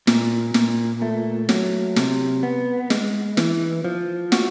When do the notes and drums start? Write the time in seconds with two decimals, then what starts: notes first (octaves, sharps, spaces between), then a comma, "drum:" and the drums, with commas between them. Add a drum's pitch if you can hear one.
0.07 A#2, drum: snare
0.54 A#2, drum: snare
1.02 A3
1.49 F#3, drum: snare
1.96 C3, drum: snare
2.43 B3
2.90 G#3, drum: snare
3.37 E3, drum: snare
3.84 F3
4.32 F#4, drum: snare